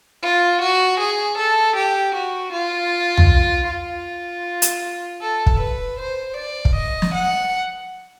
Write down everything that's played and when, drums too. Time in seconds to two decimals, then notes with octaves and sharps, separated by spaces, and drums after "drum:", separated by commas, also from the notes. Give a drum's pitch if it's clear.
0.23 F4
0.62 F#4
1.00 G#4
1.38 A4
1.76 G4
2.15 F#4
2.53 F4
3.17 drum: tom
3.68 F4
4.62 drum: hi-hat
5.22 A4
5.46 drum: kick
5.59 B4
5.99 C5
6.37 D5
6.65 drum: kick
6.75 D#5
7.02 drum: snare
7.14 F#5